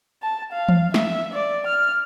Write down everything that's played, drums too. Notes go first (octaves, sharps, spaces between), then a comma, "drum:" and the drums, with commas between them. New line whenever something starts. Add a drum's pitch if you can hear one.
A5
F5
drum: tom E3
E5, drum: snare
D5
F6